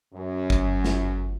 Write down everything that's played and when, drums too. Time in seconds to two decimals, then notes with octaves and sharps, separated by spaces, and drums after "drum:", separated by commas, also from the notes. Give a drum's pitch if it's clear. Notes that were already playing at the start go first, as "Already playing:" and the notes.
0.13 F#2
0.50 G1, drum: kick
0.85 drum: snare